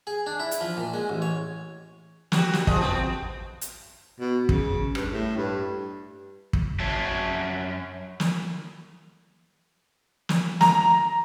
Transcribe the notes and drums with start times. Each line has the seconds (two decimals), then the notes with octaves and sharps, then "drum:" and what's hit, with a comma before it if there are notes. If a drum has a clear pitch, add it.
0.07 G#4
0.26 D4
0.40 E4
0.51 drum: hi-hat
0.61 F3
0.77 A#2
0.94 G#3
1.09 A1
1.22 C#5
2.32 F#4 G4, drum: snare
2.53 drum: snare
2.67 F3 G#4 D#5, drum: kick
2.81 B3 C4 F#4
3.61 drum: hi-hat
4.20 B2
4.49 C#3, drum: kick
4.95 G2, drum: rim click
5.12 A2
5.37 G2
6.53 drum: kick
6.80 F#2 C#4 F#4 C#5 E5 A5
8.20 drum: snare
10.29 drum: snare
10.61 A#5, drum: snare